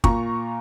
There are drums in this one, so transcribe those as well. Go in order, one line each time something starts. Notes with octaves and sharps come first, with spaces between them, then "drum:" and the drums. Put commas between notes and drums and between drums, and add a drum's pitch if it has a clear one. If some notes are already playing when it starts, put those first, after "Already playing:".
A#2 A#5 C#6, drum: kick